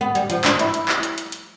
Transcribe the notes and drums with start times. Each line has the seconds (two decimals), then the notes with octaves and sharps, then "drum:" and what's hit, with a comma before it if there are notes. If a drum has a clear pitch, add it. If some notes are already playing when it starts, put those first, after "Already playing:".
0.01 B3
0.15 G3, drum: hi-hat
0.30 F3, drum: hi-hat
0.44 D4, drum: clap
0.59 E4, drum: hi-hat
0.74 drum: hi-hat
0.88 drum: clap
1.03 drum: hi-hat
1.18 drum: hi-hat
1.32 drum: hi-hat